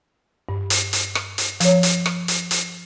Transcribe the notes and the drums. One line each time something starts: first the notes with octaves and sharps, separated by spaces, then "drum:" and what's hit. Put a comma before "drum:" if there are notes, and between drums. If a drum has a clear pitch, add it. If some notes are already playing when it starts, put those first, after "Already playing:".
G2
drum: hi-hat
drum: hi-hat
drum: rim click
drum: hi-hat
F3 C#5, drum: hi-hat
drum: hi-hat
drum: rim click
drum: hi-hat
drum: hi-hat